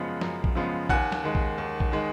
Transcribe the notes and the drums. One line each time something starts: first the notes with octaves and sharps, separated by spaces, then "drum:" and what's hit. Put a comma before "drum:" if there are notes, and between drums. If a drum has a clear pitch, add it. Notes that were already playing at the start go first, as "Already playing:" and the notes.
Already playing: F#2 C#3 F3 G#3 B3 F#5
F#2, drum: snare
drum: kick A#1
C#3 F3 G#3 B3
D#2 F#5 G#5, drum: kick A#1
drum: snare
D#3 G#3
drum: kick A#1
D#2
drum: kick A#1
D#3 G#3